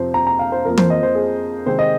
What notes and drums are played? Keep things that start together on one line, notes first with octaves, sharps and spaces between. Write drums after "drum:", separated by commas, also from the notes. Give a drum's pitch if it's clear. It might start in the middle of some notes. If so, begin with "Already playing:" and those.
Already playing: F2 C3 F3 C5
A#5
A#5
F5
C5
F2 F3 A#3 A#4
C5, drum: tom
D#5
C5
G#4
C3 D#3 G#3 C4 C5
D#5